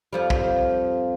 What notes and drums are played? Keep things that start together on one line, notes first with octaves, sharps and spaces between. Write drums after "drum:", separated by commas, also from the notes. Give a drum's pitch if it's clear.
F2 F3 G3
drum: kick A#1